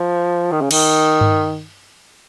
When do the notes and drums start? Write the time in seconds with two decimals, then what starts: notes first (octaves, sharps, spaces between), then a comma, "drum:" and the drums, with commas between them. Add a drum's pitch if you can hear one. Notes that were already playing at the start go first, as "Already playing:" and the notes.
Already playing: F3
0.52 D#3
0.61 C#3
0.71 D#3, drum: cymbal
1.21 drum: tom G2